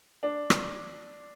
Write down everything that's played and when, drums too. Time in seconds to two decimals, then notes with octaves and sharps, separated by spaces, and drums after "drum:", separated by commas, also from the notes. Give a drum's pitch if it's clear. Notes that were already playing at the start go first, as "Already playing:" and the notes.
0.23 D4
0.50 drum: rim click